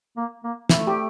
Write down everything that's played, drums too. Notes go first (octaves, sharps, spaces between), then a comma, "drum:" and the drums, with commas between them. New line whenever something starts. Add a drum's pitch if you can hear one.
A#3
A#3
A3 E4, drum: snare
G4